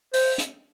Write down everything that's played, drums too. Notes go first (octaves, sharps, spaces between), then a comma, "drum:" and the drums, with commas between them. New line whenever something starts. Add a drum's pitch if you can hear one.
C5, drum: open hi-hat
drum: hi-hat